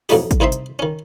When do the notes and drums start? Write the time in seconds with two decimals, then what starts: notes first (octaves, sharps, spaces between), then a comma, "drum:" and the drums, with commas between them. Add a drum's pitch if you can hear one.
0.09 A1 F2 F#3 A3 D#4 G4, drum: open hi-hat
0.31 drum: kick, hi-hat
0.40 C2 C4 D#4 E5 C6
0.52 drum: hi-hat
0.79 D#3 C#4